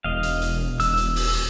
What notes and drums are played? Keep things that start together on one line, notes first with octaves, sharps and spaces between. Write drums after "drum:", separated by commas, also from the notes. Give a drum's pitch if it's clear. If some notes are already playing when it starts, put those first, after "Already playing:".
E1 D#5 F5
drum: hi-hat
drum: hi-hat
E1 E6, drum: hi-hat
drum: hi-hat
drum: open hi-hat